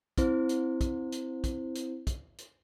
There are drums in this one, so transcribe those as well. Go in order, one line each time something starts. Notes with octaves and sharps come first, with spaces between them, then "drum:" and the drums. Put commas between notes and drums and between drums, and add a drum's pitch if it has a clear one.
C4 E4 C5, drum: kick, hi-hat
drum: hi-hat
drum: kick, hi-hat
drum: hi-hat
drum: kick, hi-hat
drum: hi-hat
drum: kick, hi-hat
drum: hi-hat